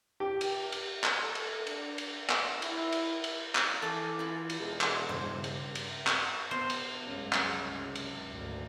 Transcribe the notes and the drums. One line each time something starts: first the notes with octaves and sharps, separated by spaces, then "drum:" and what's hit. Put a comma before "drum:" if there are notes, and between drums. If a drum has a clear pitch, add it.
G4
drum: cymbal
drum: cymbal
drum: clap
A4
drum: cymbal
D4, drum: cymbal
drum: cymbal
drum: clap
E4, drum: cymbal
drum: cymbal
drum: cymbal
drum: clap
E3 A4 E5 G#5 D6
E4 F4
drum: cymbal
E1 G#4 A4
drum: clap
G2 C#3 C5
drum: cymbal
drum: cymbal
drum: clap
B2 C5
drum: cymbal
C2 F#2 C#3 G#3
drum: clap
drum: cymbal
G#1 D2